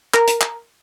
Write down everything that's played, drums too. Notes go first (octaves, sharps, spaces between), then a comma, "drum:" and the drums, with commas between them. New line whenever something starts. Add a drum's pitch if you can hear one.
A#4, drum: clap
drum: hi-hat
drum: clap